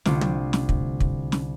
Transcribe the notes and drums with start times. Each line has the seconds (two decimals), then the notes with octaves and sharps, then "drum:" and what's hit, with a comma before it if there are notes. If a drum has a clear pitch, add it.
0.05 C2 D3 A3 F4 G4 C5, drum: snare
0.21 drum: tom
0.53 drum: snare
0.69 drum: kick
1.00 drum: kick
1.32 drum: snare